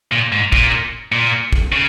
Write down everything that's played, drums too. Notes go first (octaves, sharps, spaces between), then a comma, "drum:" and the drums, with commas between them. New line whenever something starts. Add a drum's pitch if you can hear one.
A#2
G#2
A#2, drum: kick
A#2
drum: kick
C#3